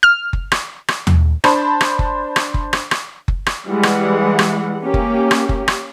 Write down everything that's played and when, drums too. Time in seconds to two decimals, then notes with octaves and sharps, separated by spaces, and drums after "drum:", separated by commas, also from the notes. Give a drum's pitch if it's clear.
0.03 F6
0.33 drum: kick F#1
0.52 drum: rim click
0.88 drum: rim click
1.07 drum: tom D#2
1.44 D4 C5 A5 B5, drum: rim click
1.81 drum: rim click
1.99 drum: kick F#1
2.36 drum: rim click
2.54 drum: kick F#1
2.73 drum: rim click
2.91 drum: rim click
3.28 drum: kick F#1
3.46 drum: rim click
3.68 E3 G3 G#3 F#5
3.83 drum: rim click
4.39 drum: rim click
4.82 A#3 C#4 G4
4.94 drum: kick F#1
5.31 drum: rim click
5.49 drum: kick F#1
5.68 drum: rim click